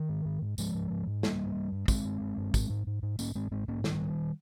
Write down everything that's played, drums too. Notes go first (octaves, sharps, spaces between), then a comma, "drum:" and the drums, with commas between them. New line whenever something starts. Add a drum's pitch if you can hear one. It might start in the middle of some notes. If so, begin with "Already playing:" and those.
Already playing: D#3
G#2
G#2
G#2
G#2 F3 G#3, drum: tambourine
G#2
G#2
G#2
G2 G3 A#3, drum: snare
G2
G2
G2
G2 G#3 C4, drum: kick, tambourine
G2
G2
G2
G#2, drum: kick, tambourine
G#2
G#2
G#2
G#2 A#3 C#4, drum: tambourine
G#2 G#3 C4
G#2 G#3 C4
G#2 A#3 C#4
G2 D#3 G3, drum: snare
G2